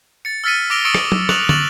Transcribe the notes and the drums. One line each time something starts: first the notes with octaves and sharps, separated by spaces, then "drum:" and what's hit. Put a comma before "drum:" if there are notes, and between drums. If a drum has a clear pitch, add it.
A6 C#7
E6 F6 A6 B6 C#7 D#7
D6 E6 A#6 D7 F7 G7
C#6 D#6 E6 A6 C#7 D7
drum: rim click
drum: tom
C#6 D#6 F#6 F7 F#7, drum: rim click
C#6 F#6 A6 F7 F#7, drum: tom